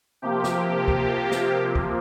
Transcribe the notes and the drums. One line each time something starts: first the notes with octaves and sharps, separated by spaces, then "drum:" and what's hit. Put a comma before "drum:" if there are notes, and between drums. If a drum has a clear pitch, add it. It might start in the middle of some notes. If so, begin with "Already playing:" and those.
C3 F3 A#3 G4
drum: snare
drum: kick
drum: snare
drum: kick